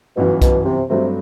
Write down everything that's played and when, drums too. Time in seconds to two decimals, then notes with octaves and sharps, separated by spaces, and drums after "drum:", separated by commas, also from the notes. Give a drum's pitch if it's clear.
0.17 G1 F#2 B2 E3
0.42 B2, drum: kick B1, hi-hat
0.65 C3
0.89 G2 C3 F#3 A3 C4